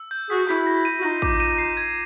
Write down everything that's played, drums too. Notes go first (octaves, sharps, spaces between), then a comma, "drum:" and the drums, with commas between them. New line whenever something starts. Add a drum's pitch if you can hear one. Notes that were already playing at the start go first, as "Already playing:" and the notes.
Already playing: E6
G6
F#4 G#4 B6
E4 F#4 B6, drum: clap
A#6
D#7
F#4
D#4 F4 A#6
D6, drum: kick
D#7
C7
G#6